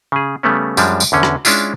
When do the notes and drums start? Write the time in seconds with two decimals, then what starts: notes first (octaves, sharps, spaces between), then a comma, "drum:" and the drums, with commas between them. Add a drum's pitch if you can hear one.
0.12 C#3 G#4
0.43 C#3 G3 A3 B3 C#4
0.77 F#2 F3 G3 G#3 D4, drum: tambourine
1.00 drum: tambourine
1.12 E2 D3 C#4
1.23 drum: rim click
1.45 G#3 C#4 D4 E4 F4, drum: tambourine